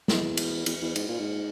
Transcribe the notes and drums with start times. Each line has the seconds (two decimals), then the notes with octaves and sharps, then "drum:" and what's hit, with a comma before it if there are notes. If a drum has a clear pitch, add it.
0.08 E2, drum: snare
0.37 drum: cymbal
0.66 E2, drum: cymbal
0.82 E2
0.96 G#2, drum: cymbal
1.08 A#2
1.20 G#2